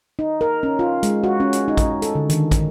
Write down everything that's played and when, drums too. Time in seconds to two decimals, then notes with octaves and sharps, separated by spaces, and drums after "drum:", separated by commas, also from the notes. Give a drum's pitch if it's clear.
0.19 D#4
0.41 A#4
0.63 C#4
0.79 F4
1.03 G#3, drum: hi-hat
1.24 F#4
1.40 C#4
1.53 drum: hi-hat
1.68 D#4
1.77 drum: kick, hi-hat
2.02 A4, drum: hi-hat
2.15 D3
2.30 D#3, drum: hi-hat
2.51 drum: kick, hi-hat